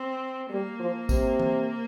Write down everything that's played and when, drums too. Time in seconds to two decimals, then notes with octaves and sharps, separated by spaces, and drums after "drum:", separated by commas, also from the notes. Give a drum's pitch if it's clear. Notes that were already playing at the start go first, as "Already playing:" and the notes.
Already playing: C4
0.50 G3 A#3
0.80 F3
1.09 C3, drum: kick, tambourine
1.39 drum: tom E3